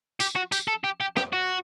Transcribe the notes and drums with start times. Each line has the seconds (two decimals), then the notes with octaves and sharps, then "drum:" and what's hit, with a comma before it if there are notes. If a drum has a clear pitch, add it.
0.20 G4, drum: tambourine
0.35 F#4
0.52 G4, drum: tambourine
0.68 A4
0.84 G4
1.01 G4
1.17 G4, drum: rim click
1.33 F#4